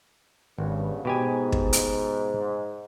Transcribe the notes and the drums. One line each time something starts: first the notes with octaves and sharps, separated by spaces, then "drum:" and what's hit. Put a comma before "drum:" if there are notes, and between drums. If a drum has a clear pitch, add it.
G#1 G2 C#3 B3
G#2 B2 G4 G#5
drum: kick
drum: hi-hat